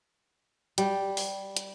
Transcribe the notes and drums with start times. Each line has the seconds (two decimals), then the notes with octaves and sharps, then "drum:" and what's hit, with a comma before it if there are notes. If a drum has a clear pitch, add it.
0.78 G3, drum: hi-hat
1.17 drum: open hi-hat
1.57 drum: hi-hat